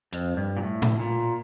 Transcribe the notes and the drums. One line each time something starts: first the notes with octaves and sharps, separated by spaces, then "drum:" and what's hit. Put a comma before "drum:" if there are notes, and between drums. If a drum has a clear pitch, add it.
F2, drum: hi-hat
G2
A#2
A2
drum: tom A2
A#2